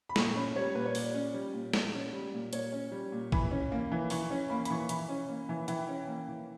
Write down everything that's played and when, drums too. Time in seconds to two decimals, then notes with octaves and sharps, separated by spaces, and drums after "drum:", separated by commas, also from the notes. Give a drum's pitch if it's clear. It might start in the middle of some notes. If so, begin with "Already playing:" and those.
0.09 B5
0.16 A#2 C#6, drum: snare
0.35 C#4 B5
0.56 G3 C#5
0.75 A#2 B4
0.85 C#5
0.95 A#2 D5, drum: open hi-hat
1.14 C#4
1.34 G3
1.54 A#2
1.73 A#2, drum: snare
1.94 C#4
2.13 G3
2.34 A#2
2.53 A#2 C#5, drum: hi-hat
2.72 C#4
2.92 G3
3.12 A#2
3.32 E3 B5, drum: kick
3.51 C#4
3.72 A#3
3.92 E3
4.10 E3 C#6, drum: open hi-hat
4.31 C#4
4.50 A#3 B5
4.65 B5, drum: hi-hat
4.70 E3 C#6
4.89 E3 B5, drum: hi-hat
5.09 C#4
5.29 A#3
5.49 E3
5.68 E3 G5, drum: hi-hat
5.89 C#4
6.07 A#3
6.28 E3